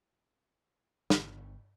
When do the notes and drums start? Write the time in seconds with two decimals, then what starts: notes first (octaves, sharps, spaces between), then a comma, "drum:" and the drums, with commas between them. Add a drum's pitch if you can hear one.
1.10 G1, drum: snare